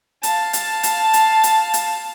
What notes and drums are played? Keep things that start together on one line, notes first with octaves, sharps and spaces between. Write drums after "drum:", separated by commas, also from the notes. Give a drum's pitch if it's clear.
F5 A5, drum: hi-hat
drum: hi-hat
drum: hi-hat
drum: hi-hat
drum: hi-hat
drum: hi-hat